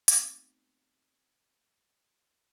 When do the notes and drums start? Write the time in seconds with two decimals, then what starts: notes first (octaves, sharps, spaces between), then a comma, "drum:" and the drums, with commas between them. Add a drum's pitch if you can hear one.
0.08 G#3 A3 B3 C4 D#4 F#4, drum: hi-hat